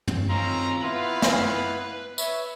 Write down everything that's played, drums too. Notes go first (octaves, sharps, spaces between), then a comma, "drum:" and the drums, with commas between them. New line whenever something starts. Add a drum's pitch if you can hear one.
drum: tom
D#3 C4 C#4 F4 A#5 E6
B3 E4 B4 F5 B5
drum: snare
B4 C#5 E5, drum: tambourine